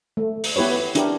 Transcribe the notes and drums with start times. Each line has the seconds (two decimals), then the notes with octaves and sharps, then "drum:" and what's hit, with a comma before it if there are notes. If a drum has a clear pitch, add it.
0.17 A3
0.44 drum: open hi-hat
0.56 B3 E4 G4 B4 C#5
0.95 D4 E4 G4 A#4, drum: hi-hat